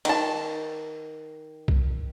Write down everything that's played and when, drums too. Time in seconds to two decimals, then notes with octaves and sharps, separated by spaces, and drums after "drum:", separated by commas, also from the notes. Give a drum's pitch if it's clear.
0.05 D#3 A5, drum: cymbal
1.68 drum: kick B1